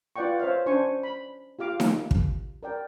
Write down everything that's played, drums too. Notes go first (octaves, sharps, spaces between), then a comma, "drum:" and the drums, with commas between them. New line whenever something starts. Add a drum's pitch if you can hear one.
F4 B4 D5 F#5 G5 C#6
C5 C#5 E5 F5
C#4 D4 C5 G#5 C#6
B5
F4 G4 F5 D6
drum: snare D#4
drum: kick
A#4 D5 G5